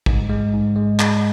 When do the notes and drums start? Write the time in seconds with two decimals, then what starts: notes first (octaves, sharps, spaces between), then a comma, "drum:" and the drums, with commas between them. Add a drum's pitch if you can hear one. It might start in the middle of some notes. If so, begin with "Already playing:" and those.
0.06 G#2, drum: kick
0.30 G#3
0.53 G#2
0.76 G#3
0.99 G#3, drum: clap